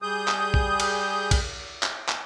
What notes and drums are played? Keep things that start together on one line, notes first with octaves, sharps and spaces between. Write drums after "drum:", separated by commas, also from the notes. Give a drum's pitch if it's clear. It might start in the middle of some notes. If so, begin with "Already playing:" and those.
G3 G#4 D#6 G6
drum: clap
drum: kick A#1
drum: cymbal
drum: kick A#1, cymbal
drum: clap
drum: clap